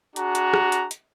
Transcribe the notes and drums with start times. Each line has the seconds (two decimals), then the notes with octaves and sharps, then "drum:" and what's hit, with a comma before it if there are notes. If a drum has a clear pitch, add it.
0.16 D4 F#4 G#4 A#5, drum: hi-hat
0.35 drum: hi-hat
0.54 drum: rim click
0.72 drum: hi-hat
0.91 drum: hi-hat